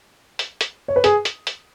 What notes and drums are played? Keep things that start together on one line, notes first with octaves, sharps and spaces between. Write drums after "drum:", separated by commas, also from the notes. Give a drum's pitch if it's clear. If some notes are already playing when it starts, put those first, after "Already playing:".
drum: hi-hat
drum: hi-hat
C#5
B4
G#4, drum: hi-hat
drum: hi-hat
drum: hi-hat